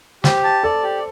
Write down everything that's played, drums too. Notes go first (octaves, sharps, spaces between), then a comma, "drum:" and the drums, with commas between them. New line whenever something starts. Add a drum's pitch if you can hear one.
G4 C5, drum: snare
A5
A4 D5
G4